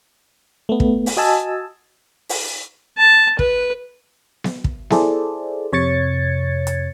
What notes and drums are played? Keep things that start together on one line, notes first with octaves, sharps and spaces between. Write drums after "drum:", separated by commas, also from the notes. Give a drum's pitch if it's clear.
A3 B3
drum: kick
drum: open hi-hat
F#4 D#5 G#5 A5 E6
drum: open hi-hat
A5
B4, drum: kick
drum: snare B3
drum: kick
E4 G#4 A4 C5 D5, drum: snare B3
F2 C3 C#5 G#6 A6 C#7
drum: hi-hat